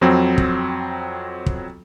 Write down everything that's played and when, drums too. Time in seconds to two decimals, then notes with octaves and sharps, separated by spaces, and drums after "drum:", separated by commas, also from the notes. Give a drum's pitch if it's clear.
0.01 F2 F#3 C4
0.38 drum: kick
1.46 drum: kick